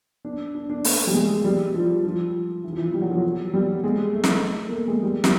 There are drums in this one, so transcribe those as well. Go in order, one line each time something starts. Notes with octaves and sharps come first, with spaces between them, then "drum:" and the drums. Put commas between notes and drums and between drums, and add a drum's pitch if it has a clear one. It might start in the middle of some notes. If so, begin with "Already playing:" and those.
D4
D4
D4
A3, drum: open hi-hat
G3
G#3
G3
F3
F3
E3
F3
E3
G3
F#3
F3
F#3
G3
G#3
A3
drum: snare
A#3
A3
G#3
G3
G3, drum: snare